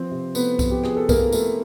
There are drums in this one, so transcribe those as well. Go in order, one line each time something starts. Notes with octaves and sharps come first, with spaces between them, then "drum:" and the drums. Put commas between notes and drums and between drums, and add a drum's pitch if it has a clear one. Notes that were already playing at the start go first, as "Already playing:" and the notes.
Already playing: F3 C4 C5
C3
A3 B3 B4, drum: tambourine
F3, drum: kick B1, tambourine
G4
F3 G#4, drum: rim click
A4
A3 A#3 A#4, drum: kick B1, tambourine
A3 C4 A4, drum: tambourine